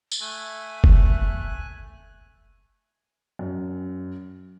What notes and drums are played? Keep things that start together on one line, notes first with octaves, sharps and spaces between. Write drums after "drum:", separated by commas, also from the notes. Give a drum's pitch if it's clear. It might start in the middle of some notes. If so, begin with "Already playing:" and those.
drum: tambourine
A3 E5 G#5 F#6
drum: kick
F#2